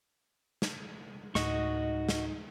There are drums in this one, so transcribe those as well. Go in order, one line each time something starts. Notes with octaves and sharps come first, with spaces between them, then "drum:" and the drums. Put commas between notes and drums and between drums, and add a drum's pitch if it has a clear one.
drum: snare
D2 A2 D#4 F#4 D#5 C#6, drum: snare
drum: snare